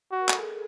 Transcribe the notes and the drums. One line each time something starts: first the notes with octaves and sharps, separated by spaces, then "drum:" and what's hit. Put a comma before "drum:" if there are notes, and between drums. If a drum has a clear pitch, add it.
F#4
A#4
A4, drum: clap
G#4